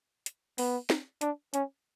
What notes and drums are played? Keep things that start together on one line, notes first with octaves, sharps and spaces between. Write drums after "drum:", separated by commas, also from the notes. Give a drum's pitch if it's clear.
drum: hi-hat
B3, drum: open hi-hat
drum: snare
D4, drum: hi-hat
C#4, drum: hi-hat